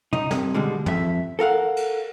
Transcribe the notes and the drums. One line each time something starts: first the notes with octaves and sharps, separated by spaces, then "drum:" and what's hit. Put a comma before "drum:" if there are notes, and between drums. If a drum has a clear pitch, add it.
D#4, drum: tom
G2 C3, drum: snare
B2 D3 G3 G#3
F2 E5, drum: tom
A4 A#4 F5 F#5
drum: cymbal